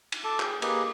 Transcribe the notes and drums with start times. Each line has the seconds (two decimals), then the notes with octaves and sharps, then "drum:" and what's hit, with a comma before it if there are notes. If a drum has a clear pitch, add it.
0.12 drum: cymbal
0.24 A4 A5 D6
0.40 G#4 G5, drum: clap
0.62 A#3 G4 G#4 B4 D#5, drum: cymbal